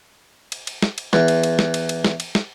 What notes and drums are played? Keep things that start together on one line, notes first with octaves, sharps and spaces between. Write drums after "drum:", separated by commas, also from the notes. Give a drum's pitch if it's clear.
drum: cymbal
drum: cymbal
drum: snare
drum: cymbal
E2, drum: snare
drum: cymbal
drum: cymbal
drum: snare
drum: cymbal
drum: cymbal
drum: snare
drum: cymbal
drum: snare